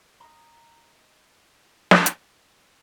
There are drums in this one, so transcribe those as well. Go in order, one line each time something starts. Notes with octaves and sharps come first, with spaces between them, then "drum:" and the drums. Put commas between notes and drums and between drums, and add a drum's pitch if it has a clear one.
D#5 A#5
drum: snare
drum: hi-hat